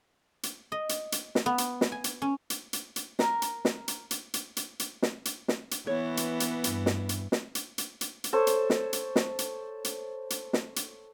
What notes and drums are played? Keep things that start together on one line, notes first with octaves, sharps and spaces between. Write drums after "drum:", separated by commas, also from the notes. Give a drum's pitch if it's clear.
drum: hi-hat
D#5
drum: hi-hat
drum: hi-hat
drum: snare
B3
drum: hi-hat
drum: snare
G#5
drum: hi-hat
C#4
drum: hi-hat
drum: hi-hat
drum: hi-hat
A#4 A#5, drum: snare
drum: hi-hat
drum: snare
drum: hi-hat
drum: hi-hat
drum: hi-hat
drum: hi-hat
drum: hi-hat
drum: snare
drum: hi-hat
drum: snare
drum: hi-hat
E3 B3 C#5
drum: hi-hat
drum: hi-hat
G2, drum: hi-hat
drum: snare
drum: hi-hat
drum: snare
drum: hi-hat
drum: hi-hat
drum: hi-hat
drum: hi-hat
A4 C5 C#5
drum: hi-hat
drum: snare
drum: hi-hat
drum: snare
drum: hi-hat
drum: hi-hat
drum: hi-hat
drum: snare
drum: hi-hat